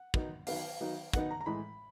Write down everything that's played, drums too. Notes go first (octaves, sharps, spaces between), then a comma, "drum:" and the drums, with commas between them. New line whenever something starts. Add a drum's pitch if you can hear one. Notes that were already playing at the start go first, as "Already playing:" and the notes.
Already playing: F#5
D#3 F#3 B3 D#4, drum: kick
D#3 F#3 B3 D#4 F5, drum: open hi-hat
D#3 F#3 B3 D#4
D#3 F#3 B3 D#4 F#5, drum: kick, hi-hat
A#5
A#5
A2 E3 G#3 B5